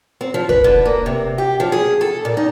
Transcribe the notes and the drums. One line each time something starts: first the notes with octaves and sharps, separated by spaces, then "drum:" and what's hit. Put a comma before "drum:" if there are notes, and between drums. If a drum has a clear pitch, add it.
C4
F3
B4, drum: kick
D3
A#3
C3
G4
F3
G#4
A4
A#2
D#4